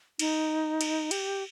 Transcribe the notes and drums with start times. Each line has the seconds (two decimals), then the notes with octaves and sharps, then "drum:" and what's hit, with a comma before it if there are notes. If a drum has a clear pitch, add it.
0.19 D#4, drum: cymbal
0.81 drum: cymbal
1.11 G4, drum: cymbal